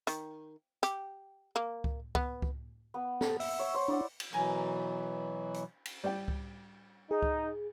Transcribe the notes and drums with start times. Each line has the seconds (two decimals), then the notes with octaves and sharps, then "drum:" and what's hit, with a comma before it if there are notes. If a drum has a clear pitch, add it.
0.07 D#3, drum: hi-hat
0.83 G4, drum: hi-hat
1.56 A#3
1.84 drum: kick C#2
2.15 B3, drum: kick C#2
2.42 drum: kick C#2
2.94 B3
3.21 A4, drum: snare
3.40 E5, drum: open hi-hat
3.59 C#5
3.74 C5
3.88 D4 E4 D5 F#5
4.20 drum: cymbal
4.33 B2 E3 F#3 A#4 G#5 A#5
5.54 drum: hi-hat
5.85 drum: cymbal
6.04 G3 D5 G5
6.28 drum: kick C#2
7.11 D#4 G#4
7.22 drum: kick C#2